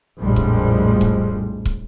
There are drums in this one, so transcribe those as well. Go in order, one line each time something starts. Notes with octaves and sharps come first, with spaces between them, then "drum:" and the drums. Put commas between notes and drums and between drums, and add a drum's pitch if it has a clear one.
A#1 F2 A2 F3 G3 G#3
drum: kick
drum: kick
drum: kick